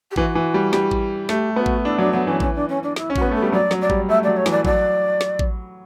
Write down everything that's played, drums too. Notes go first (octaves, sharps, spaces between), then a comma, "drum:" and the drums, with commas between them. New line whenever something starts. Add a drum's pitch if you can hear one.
G4
E3 F#4, drum: kick A1
E3
G3
G3, drum: snare
drum: kick A1
A3 G4, drum: snare
B3 F#4
drum: kick A1
D4 E4
F#3 D4
F#3 B3
E3 C#4
C#4, drum: kick A1
D4
C#4
D4
E4, drum: snare
C#4
F#4, drum: kick A1
B3
A3 A4
G3
F#3 D5
F#3, drum: snare
D5
G3, drum: kick A1
A3 E5
F#3 D5
C#5
E3, drum: snare
D5
F#3 D5, drum: kick A1
drum: snare
drum: kick A1